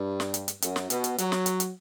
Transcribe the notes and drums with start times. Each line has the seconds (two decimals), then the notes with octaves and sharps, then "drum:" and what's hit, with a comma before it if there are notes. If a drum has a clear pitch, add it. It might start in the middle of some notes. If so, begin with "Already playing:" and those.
Already playing: G2
0.20 drum: snare
0.34 drum: hi-hat
0.48 drum: hi-hat
0.62 F#2, drum: hi-hat
0.76 drum: snare
0.90 B2, drum: hi-hat
1.04 drum: hi-hat
1.18 F#3, drum: hi-hat
1.32 drum: snare
1.46 drum: hi-hat
1.60 drum: hi-hat